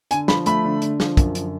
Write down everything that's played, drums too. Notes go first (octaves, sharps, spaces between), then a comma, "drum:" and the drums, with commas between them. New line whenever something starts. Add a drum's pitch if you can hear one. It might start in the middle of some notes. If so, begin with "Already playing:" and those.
D3 G#5, drum: hi-hat
F3 B5, drum: snare
A3 B5, drum: hi-hat
D3
D3, drum: hi-hat
F3, drum: snare
F#2, drum: kick, hi-hat
D3, drum: hi-hat